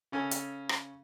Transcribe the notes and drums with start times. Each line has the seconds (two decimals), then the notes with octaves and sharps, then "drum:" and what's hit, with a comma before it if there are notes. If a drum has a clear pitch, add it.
0.12 C#3 C#4 A4 G#5
0.31 drum: hi-hat
0.69 drum: rim click